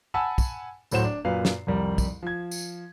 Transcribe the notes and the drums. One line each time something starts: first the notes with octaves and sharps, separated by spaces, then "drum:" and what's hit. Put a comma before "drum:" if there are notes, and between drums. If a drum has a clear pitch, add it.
F#5 G#5 A5 B5 E6
drum: kick, tambourine
D1 A2 F#3 C5 F#5 E7, drum: tambourine
D4
F#2 A#2 B4 F5 C7
drum: snare
C2 F2 G3 A#4
drum: kick, tambourine
F3 G#6
drum: tambourine